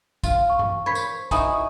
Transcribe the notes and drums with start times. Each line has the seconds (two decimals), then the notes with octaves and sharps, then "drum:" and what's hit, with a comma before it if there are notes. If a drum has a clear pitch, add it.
0.24 F4, drum: kick, tambourine
0.50 C#6
0.59 drum: tom G2
0.86 C5 C#5 B5 B6
0.95 drum: tambourine
1.31 D#4 E4 F#4 G#5 C#6 D#6, drum: kick, tambourine